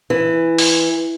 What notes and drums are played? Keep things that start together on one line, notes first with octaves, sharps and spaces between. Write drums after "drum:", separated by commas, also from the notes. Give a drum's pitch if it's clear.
E3
drum: open hi-hat